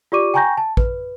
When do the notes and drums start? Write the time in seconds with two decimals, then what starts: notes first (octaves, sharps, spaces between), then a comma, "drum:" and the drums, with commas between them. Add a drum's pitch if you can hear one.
0.12 F4 G4 D5 C#6 D6 D#7
0.34 G5 G#5 A#5 C#6 G6 A#6
0.57 A5
0.77 B4, drum: kick